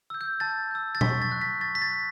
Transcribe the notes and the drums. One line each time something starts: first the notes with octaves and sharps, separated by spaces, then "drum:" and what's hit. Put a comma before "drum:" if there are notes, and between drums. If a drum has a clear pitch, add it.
E6 G6
G6
A5 A6
E6 G6
A6
C#6 B6, drum: tom B2
A6
F#6
B6
C#6 A6
B6
A6
F#6